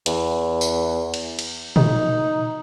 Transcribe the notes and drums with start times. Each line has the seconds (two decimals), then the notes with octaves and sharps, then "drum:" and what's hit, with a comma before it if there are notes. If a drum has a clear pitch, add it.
0.06 E2, drum: hi-hat
0.61 drum: tambourine
1.14 drum: cymbal
1.39 drum: cymbal
1.76 D#4, drum: tom A#2